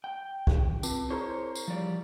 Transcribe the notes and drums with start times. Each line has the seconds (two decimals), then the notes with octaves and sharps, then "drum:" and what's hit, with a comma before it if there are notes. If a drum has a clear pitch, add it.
0.04 G5
0.47 drum: kick
0.83 C4 F4, drum: tambourine
1.10 E4 G#4 C5 C#5 A#5
1.55 drum: tambourine
1.68 F3 G3 D5